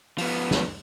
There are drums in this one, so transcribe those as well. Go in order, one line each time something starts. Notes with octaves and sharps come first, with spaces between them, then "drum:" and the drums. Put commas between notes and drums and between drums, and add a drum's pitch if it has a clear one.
F3 B3, drum: open hi-hat
drum: snare